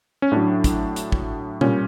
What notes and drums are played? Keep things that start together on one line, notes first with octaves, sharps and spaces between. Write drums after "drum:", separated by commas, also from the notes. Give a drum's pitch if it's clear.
C#4
A2 F#3 D4
drum: kick, hi-hat
drum: hi-hat
drum: kick
A#2 G3 C#4, drum: tom B2